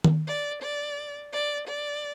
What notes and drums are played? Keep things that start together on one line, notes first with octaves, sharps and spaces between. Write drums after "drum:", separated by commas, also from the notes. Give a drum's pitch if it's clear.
drum: tom D#3
D5
D5
D5
D5